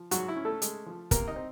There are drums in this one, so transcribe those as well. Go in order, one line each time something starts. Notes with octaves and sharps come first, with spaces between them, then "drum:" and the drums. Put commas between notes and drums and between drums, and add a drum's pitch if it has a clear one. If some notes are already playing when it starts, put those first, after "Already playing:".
Already playing: F3
G#2 F#3 F#4, drum: hi-hat
E4
C#4
A3 A4
G#3, drum: hi-hat
F3
C3 A#3 A#4, drum: kick, hi-hat
D#4 D#5
C4